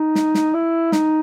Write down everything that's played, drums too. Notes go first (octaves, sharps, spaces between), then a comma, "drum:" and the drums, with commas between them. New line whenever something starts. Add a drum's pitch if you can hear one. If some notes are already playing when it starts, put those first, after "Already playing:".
Already playing: D#4
drum: snare
drum: snare
E4
D#4, drum: snare